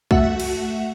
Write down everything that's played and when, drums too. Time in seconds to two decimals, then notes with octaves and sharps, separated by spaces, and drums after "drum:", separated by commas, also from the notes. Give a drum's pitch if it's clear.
0.11 A3 F#4 E5 F#5, drum: kick
0.40 drum: cymbal